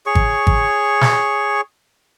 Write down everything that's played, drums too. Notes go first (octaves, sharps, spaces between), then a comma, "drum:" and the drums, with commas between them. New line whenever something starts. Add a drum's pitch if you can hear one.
G#4 C#5 C#6
drum: kick G#1
drum: kick G#1
drum: snare